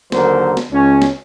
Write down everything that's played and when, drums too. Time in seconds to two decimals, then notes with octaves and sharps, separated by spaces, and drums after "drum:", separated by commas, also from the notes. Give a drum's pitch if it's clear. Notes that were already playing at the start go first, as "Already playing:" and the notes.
0.12 D#2 D3 F#3 A#4 C5, drum: snare
0.57 drum: snare
0.72 C#2 C#4
1.02 drum: snare